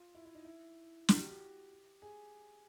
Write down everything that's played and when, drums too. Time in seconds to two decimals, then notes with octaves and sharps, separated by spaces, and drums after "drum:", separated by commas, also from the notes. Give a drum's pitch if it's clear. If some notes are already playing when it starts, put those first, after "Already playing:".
Already playing: F4
0.15 E4
0.25 E4
0.35 D#4
0.45 E4
1.09 G4, drum: snare
1.14 F#4
1.19 G4
1.29 G4
2.02 G#4